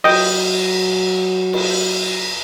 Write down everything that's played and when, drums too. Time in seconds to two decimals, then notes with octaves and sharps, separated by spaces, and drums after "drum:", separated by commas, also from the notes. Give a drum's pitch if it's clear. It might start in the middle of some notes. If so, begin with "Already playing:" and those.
0.04 F#3 D#5 G5, drum: cymbal
1.53 drum: cymbal